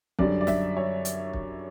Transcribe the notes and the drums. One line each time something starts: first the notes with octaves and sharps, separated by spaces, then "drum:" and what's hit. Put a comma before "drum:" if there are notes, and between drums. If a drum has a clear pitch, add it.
F#2 D3 G3 D5, drum: kick
D5
E5, drum: snare
C#5
drum: hi-hat
drum: kick